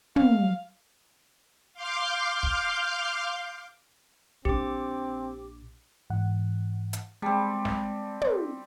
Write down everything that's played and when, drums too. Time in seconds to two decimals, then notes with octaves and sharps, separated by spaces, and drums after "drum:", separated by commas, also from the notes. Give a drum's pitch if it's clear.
0.16 F5, drum: tom
1.73 F5 C6 D6 F6 G6
2.43 drum: kick
4.45 A#1 C4 D4 G4 D6, drum: kick
6.10 G#2 E3 F#5
6.93 drum: hi-hat
7.22 G3 G#3 C4 A5
7.65 drum: snare
8.21 drum: tom